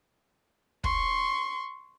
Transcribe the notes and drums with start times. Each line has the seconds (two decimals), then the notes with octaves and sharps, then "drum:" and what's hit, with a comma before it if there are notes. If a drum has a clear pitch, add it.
0.84 C6 C#6, drum: kick